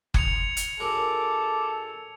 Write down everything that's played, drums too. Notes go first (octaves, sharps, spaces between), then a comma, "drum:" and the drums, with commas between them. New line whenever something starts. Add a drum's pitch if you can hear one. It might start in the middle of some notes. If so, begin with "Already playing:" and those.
C6 G#6 C#7 F7, drum: kick F#1
drum: hi-hat
G#2 F#3 A4 A#4 D6